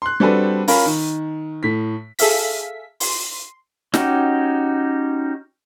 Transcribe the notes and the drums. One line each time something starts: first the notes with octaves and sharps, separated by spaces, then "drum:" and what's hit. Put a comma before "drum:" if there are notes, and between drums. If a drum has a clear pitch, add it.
C6 F#6
G3 C4 D4 F#4 A4 B4
C#4 F4 A#4 F5 B5, drum: open hi-hat
D#3
A2 B6
G#4 A4 E5 F5 B6, drum: open hi-hat
C6, drum: open hi-hat
C#4 D#4 F#4 G4, drum: snare